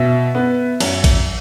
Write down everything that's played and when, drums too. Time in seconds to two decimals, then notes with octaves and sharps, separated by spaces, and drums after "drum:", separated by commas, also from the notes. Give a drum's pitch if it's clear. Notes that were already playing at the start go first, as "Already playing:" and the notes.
Already playing: B2 E5
0.35 B3
0.80 F#2, drum: cymbal
1.04 drum: kick A1, cymbal